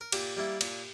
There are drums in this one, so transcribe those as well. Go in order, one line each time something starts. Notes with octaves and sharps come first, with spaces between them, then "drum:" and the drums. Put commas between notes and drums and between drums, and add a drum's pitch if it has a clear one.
A#4
A#2 G4, drum: cymbal
G3 A#3 E4
A#2, drum: cymbal